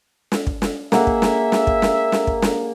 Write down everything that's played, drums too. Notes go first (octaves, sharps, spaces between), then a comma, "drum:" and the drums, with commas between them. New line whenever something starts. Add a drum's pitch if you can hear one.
drum: snare
drum: kick
drum: snare
A#3 G#4 E5 F#5, drum: snare
drum: kick
drum: snare
drum: snare
drum: kick
drum: snare
drum: snare
drum: kick
drum: snare